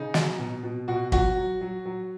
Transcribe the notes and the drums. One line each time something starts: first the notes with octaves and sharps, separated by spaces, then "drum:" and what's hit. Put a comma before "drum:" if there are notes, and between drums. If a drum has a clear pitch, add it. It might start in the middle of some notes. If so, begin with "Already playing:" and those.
Already playing: C#3 D#4
F#3, drum: snare
B2
B2
B2 F#4
F#3 F#4, drum: kick
F#3
F#3
F#3